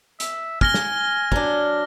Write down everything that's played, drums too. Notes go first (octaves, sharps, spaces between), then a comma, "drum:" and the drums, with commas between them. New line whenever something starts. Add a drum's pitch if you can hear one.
E5, drum: hi-hat
G#5 F6 A#6 G7, drum: kick
drum: snare
F#3 D4, drum: kick